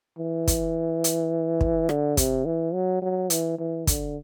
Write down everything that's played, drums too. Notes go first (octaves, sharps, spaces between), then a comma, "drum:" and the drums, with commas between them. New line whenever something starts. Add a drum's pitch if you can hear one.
E3
drum: kick, hi-hat
drum: hi-hat
drum: kick
D3, drum: rim click
C3, drum: kick, hi-hat
E3
F#3
F#3
E3, drum: hi-hat
E3
D3, drum: kick, hi-hat